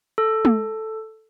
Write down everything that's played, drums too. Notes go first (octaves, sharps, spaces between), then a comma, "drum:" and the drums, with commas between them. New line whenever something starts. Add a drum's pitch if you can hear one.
A4
drum: tom G#3